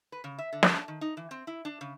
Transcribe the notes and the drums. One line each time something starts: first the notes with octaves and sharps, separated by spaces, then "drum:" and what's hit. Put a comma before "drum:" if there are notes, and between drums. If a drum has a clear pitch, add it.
B4
C#3
E5
D3
drum: snare
D4
D#3
D#4
E3
C4
E4
D4
C#3